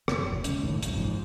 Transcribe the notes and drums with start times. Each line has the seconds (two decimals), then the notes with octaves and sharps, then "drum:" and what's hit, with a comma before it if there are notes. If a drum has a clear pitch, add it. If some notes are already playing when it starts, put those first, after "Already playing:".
0.08 F#1, drum: rim click
0.32 E1
0.44 F1 C#2 C#4, drum: hi-hat
0.62 F1 C#2 A2 D#3
0.83 F#1 B1 E2, drum: hi-hat
0.96 G#2 F3